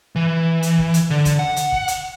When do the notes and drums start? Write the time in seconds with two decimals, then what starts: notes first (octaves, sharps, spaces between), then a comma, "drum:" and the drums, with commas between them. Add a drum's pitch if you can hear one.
0.16 E3
0.63 drum: hi-hat
0.78 drum: kick
0.94 drum: hi-hat
1.10 D3
1.25 drum: kick, hi-hat
1.39 F#5
1.56 drum: hi-hat
1.72 drum: kick
1.88 drum: hi-hat